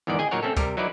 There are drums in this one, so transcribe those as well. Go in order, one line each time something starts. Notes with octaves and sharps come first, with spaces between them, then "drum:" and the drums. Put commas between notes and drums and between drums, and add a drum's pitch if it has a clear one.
E2 G#2 D#3 E3 D5
G#4 D#5 G5 G#5
A#2 F#3 D#4 A#4 C#5 F#5
A3 C4 C#4 A4
C3 G3 A#4, drum: kick C#2, hi-hat
F#3 D#4 E4 A#4 B4 D5